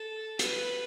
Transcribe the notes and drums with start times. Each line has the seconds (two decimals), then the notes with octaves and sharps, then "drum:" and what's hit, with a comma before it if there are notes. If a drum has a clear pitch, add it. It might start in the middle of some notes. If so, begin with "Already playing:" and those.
Already playing: A4
0.39 B4, drum: hi-hat